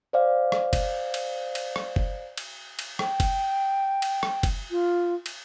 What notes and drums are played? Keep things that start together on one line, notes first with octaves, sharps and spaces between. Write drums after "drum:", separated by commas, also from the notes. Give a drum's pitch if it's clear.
C5 D5 F5
drum: rim click
drum: kick F#1, cymbal
drum: cymbal
drum: cymbal
drum: rim click
drum: kick F#1
drum: cymbal
drum: cymbal
G5, drum: rim click
drum: kick F#1, cymbal
drum: cymbal
drum: rim click
drum: kick F#1, cymbal
F4
drum: cymbal